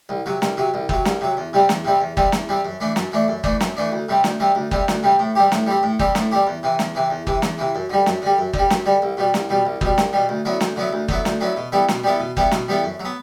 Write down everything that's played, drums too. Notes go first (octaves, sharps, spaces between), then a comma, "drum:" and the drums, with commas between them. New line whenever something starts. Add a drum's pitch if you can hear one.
C2
C3 F#3
C2, drum: snare
C3 F#3
C2
C3 F#3, drum: kick
C2, drum: snare
C3 F#3
E2
C3 G3 C4
E2, drum: snare
C3 G3 C4
E2
C3 G3 C4, drum: kick
E2, drum: snare
C3 G3 C4
F#2
E3 A3 D4
F#2, drum: snare
E3 A3 D4
F#2
E3 A3 D4, drum: kick
F#2, drum: snare
E3 A3 D4
D2
C3 G3 C4
D2, drum: snare
C3 G3 C4
D2
C3 G3 C4, drum: kick
D2, drum: snare
C3 G3 C4
A2
G3 C4 G4
A2, drum: snare
G3 C4 G4
A2
G3 C4 G4, drum: kick
A2, drum: snare
G3 C4 G4
E2
C3 E3
E2, drum: snare
C3 E3
E2
C3 E3, drum: kick
E2, drum: snare
C3 E3
F#2
D3 G3
F#2, drum: snare
D3 G3
F#2
D3, drum: kick
G3
F#2, drum: snare
D3 G3
C2
B2 G3
C2, drum: snare
B2 G3
C2
B2 G3, drum: kick
C2, drum: snare
B2 G3
D2
D3 F#3 B3 E4
D2, drum: snare
D3 F#3 B3 E4
D2
D3 F#3 B3 E4, drum: kick
D2, drum: snare
D3 F#3 B3 E4
B2
G3 B3 E4 A4
B2, drum: snare
G3 B3 E4 A4
B2
G3 B3 E4 A4, drum: kick
B2, drum: snare
G3 B3 E4 A4
F#2
F#3
B3